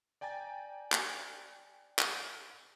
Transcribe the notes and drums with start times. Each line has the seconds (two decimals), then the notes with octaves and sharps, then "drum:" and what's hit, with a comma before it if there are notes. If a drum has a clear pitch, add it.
0.21 D5 G5 G#5 A#5 A6
0.92 drum: clap
1.99 drum: clap